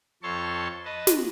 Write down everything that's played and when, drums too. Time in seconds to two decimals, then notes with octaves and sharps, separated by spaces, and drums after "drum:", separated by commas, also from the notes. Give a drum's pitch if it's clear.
0.23 F2 A4 C#5 A5 C6 C#6
0.85 B4 D#5 A5
1.07 drum: snare